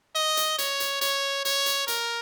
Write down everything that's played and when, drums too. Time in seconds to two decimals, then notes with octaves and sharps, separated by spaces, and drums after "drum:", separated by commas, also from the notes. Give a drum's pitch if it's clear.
0.16 D#5
0.37 drum: hi-hat
0.58 C#5, drum: hi-hat
0.80 drum: hi-hat
1.01 C#5, drum: hi-hat
1.45 C#5, drum: hi-hat
1.66 drum: hi-hat
1.88 A#4, drum: hi-hat